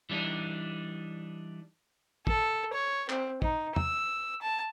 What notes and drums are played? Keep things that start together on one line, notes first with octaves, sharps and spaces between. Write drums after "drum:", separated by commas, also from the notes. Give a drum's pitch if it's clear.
E3 G3 D4 D#4
A4, drum: kick
C#5
C4, drum: clap
D#4, drum: kick
E6, drum: tom
A5